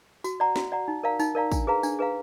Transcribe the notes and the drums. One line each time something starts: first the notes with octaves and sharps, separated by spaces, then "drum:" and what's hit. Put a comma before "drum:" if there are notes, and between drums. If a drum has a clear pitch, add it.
F#4, drum: tambourine
D5 F#5 A#5
F#4, drum: snare
D5 F#5 A#5
D#4
A#4 D5 F5 A#5
D#4, drum: tambourine
A#4 D5 F5 A#5
D4, drum: kick, tambourine
G#4 B4 F5 A#5
D4, drum: tambourine
G#4 B4 F5 A#5